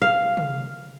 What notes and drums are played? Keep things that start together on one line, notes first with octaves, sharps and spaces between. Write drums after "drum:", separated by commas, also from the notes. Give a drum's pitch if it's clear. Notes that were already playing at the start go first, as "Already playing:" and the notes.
F5
drum: tom